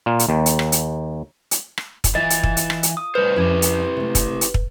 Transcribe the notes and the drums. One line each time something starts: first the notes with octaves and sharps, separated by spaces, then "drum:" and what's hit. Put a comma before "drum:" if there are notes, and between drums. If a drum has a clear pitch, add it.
A#2
drum: hi-hat
D#2
drum: hi-hat
drum: rim click
drum: hi-hat
drum: hi-hat
drum: rim click
drum: kick, hi-hat
E3 E4 F4 D#5 A6
drum: hi-hat
drum: kick
drum: hi-hat
drum: rim click
drum: hi-hat
D#6
A2 G3 B4 C5
F2 C#4 E4 G4
drum: hi-hat
C3 A3
drum: kick, hi-hat
drum: hi-hat
drum: kick